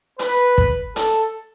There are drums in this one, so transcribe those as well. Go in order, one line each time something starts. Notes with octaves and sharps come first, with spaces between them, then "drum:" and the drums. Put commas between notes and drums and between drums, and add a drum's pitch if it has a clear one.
B4, drum: hi-hat
drum: kick
A4, drum: hi-hat